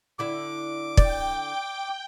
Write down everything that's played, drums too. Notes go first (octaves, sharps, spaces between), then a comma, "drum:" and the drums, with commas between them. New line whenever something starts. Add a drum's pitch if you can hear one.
D3 E4 E5 D6
D5 G5, drum: kick